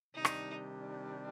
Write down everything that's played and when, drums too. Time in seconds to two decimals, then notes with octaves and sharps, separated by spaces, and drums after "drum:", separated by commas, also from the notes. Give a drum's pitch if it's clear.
0.15 C3 D#3 G3 D4 D#4
0.25 drum: rim click